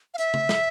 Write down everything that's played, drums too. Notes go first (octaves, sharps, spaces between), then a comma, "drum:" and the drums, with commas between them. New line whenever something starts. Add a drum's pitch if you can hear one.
F5
E5, drum: hi-hat
drum: tom C#3
drum: snare